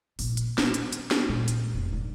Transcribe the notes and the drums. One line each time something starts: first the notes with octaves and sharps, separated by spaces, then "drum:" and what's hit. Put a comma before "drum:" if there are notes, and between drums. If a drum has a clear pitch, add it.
A#1, drum: open hi-hat
drum: hi-hat
B2, drum: snare
drum: hi-hat
drum: hi-hat
drum: snare
A#2
drum: hi-hat
F1
D3